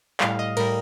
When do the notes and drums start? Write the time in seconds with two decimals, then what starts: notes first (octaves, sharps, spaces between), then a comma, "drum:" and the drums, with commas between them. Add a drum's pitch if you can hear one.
0.21 A2 G3 F5, drum: clap
0.39 D#5
0.57 A2 G3 A#4, drum: cymbal